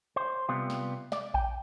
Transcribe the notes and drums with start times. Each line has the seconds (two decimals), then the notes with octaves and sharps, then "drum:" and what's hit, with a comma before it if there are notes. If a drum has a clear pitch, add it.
0.16 C5
0.48 C3 G3 B3 F4
0.70 drum: snare
1.12 D5, drum: snare
1.34 G5, drum: kick A1